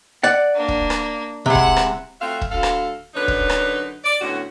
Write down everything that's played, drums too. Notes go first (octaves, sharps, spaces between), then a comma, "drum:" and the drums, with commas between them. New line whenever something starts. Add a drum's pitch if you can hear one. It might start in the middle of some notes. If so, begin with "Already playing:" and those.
D5 F#5
A#3 D4
drum: kick
drum: rim click
C3 G#3 E4 F#5
drum: kick
drum: rim click
A3 C4 F4 F#4 E5 F5
drum: kick
D2 A4 F5
drum: rim click
F#2 D3 D4 D#4 B4 C#5
drum: kick
drum: rim click
D5
D2 A2 B3 C#4 F#4